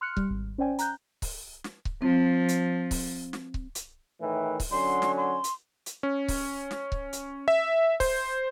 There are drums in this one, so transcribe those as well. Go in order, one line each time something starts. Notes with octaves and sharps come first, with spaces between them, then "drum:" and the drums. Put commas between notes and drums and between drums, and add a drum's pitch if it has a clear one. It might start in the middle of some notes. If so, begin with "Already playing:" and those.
C6 F6 F#6 C#7
G3, drum: kick C#1
G#1
C#4 C5 D5 G5 G#5
A#5 F#6 G6, drum: hi-hat
drum: kick C#1, open hi-hat
drum: snare
drum: kick C#1
F3 C4
drum: hi-hat
drum: kick C#1, open hi-hat
drum: snare
drum: kick C#1
drum: hi-hat
A2 D#3 E3
drum: kick C#1, open hi-hat
D3 F#3 C#4 C6
drum: snare
C6
drum: hi-hat
drum: hi-hat
C#4
drum: kick C#1, open hi-hat
drum: snare
drum: kick C#1
drum: hi-hat
E5
C5, drum: kick C#1, open hi-hat